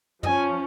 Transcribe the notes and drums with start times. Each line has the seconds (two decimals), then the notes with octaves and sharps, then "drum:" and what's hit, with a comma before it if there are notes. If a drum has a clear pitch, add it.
0.23 F3 C#4 D#5 G#5, drum: tom